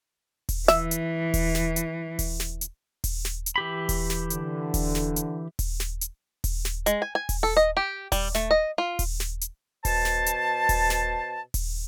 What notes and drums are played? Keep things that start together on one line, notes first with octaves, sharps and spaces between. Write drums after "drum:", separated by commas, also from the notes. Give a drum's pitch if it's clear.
drum: kick D#1, open hi-hat
E3 E5, drum: snare
drum: hi-hat
drum: kick D#1, open hi-hat
drum: snare
drum: hi-hat
drum: kick D#1, open hi-hat
drum: snare
drum: hi-hat
drum: kick D#1, open hi-hat
drum: snare
drum: hi-hat
E3 G4 B5
drum: kick D#1, open hi-hat
drum: snare
D3, drum: hi-hat
drum: kick D#1, open hi-hat
drum: snare
drum: hi-hat
drum: kick D#1, open hi-hat
drum: snare
drum: hi-hat
drum: kick D#1, open hi-hat
drum: snare
G#3, drum: hi-hat
G#5
G#5
drum: kick D#1, open hi-hat
A4
D#5
G4
G3, drum: kick D#1, open hi-hat
A3, drum: snare
D#5
F4
drum: kick D#1, open hi-hat
drum: snare
drum: hi-hat
B2 C5 A5, drum: kick D#1, open hi-hat
drum: snare
drum: hi-hat
drum: kick D#1, open hi-hat
drum: snare
drum: kick D#1, open hi-hat